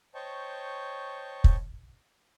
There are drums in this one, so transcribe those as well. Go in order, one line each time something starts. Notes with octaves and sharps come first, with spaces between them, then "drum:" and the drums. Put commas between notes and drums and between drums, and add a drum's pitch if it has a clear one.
C5 C#5 D#5 G5 A5 C#6
drum: kick